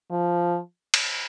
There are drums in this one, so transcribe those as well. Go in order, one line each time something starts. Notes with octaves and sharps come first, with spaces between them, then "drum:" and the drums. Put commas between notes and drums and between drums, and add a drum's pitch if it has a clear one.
F3
drum: cymbal